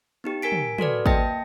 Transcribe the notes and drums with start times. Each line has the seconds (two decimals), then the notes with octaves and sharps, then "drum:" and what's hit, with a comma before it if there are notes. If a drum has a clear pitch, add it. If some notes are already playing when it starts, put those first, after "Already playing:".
0.24 B3 D#4 G4
0.42 A#4 G#5 B6 D7
0.52 drum: tom
0.79 F#4 A4 B4 D5, drum: tom
1.06 A#3 D#5 G5 A5 A#6, drum: kick G#1